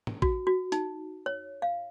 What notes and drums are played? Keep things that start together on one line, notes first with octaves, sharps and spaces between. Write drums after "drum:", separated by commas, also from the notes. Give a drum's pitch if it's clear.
drum: tom G#2
F#4, drum: kick A1
F#4
D#4, drum: hi-hat
C#5
F5